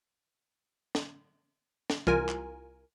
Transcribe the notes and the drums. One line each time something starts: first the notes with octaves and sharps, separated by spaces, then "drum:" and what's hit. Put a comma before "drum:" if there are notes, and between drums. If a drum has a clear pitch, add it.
drum: snare
drum: snare
C2 F4 A#4 G#5, drum: tom E3
drum: clap